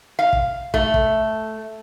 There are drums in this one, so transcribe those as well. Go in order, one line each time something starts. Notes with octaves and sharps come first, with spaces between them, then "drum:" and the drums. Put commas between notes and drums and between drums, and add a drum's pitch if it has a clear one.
F5
drum: kick
A3, drum: kick
drum: kick